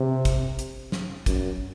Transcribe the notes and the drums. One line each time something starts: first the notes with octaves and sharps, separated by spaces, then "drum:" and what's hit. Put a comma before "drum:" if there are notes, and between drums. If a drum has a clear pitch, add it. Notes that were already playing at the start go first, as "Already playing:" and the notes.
Already playing: C3
drum: kick, hi-hat
drum: hi-hat
drum: snare
F#2, drum: kick, hi-hat